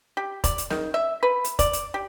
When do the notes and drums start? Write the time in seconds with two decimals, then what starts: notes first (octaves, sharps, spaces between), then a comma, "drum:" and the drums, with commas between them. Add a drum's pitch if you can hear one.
0.17 G4
0.44 D5, drum: kick E1, hi-hat
0.58 drum: hi-hat
0.70 D#3, drum: snare
0.94 E5
1.23 B4
1.44 drum: hi-hat
1.59 D5, drum: kick E1, hi-hat
1.73 drum: hi-hat
1.94 G4